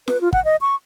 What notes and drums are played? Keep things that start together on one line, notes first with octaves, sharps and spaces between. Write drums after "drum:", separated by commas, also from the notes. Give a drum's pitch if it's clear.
B4, drum: snare
F4
F#5, drum: kick
D#5
C#6